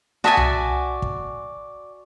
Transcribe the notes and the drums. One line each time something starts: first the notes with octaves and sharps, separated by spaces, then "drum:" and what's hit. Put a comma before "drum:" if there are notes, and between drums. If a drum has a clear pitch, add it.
F#4 D5 E5 G#5 A5 D#6
drum: tom C2
drum: kick